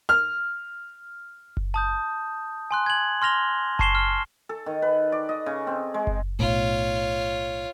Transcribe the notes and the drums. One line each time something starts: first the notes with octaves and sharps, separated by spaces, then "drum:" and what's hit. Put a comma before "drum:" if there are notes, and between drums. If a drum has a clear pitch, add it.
F6
drum: kick F#1
A5 D#6 G6
G#5 C6 F#6
G#6 F#7
C6 F6 A#6 F7 G7
A5 C#6 C7 E7 G7, drum: kick F#1
F6 G7
A4
D#3
B4
D5
D#5
C#3
C4
G#3
drum: kick F#1
B1 A2 F4 C#5